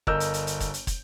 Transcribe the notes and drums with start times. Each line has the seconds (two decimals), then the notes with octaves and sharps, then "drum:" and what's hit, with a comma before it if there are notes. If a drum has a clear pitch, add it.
0.07 G1 A#4 D#5 E6 G6, drum: kick
0.20 drum: hi-hat
0.34 drum: hi-hat
0.47 drum: hi-hat
0.60 drum: kick, hi-hat
0.74 drum: hi-hat
0.87 drum: kick, hi-hat